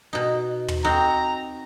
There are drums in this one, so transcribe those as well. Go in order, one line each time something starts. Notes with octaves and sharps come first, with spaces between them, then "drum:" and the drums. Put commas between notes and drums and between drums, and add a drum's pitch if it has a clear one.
B2 D#4
drum: tom
C4 D#4 F#4 A#5